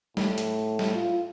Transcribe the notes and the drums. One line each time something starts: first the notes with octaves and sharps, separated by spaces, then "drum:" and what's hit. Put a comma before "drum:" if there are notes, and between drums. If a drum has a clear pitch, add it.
A2, drum: snare
drum: hi-hat
drum: snare
F4